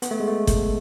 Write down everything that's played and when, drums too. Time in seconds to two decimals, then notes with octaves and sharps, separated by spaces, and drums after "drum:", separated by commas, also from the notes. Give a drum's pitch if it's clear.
0.02 B3, drum: hi-hat
0.11 A3
0.20 G#3
0.28 A3
0.47 drum: kick G1, hi-hat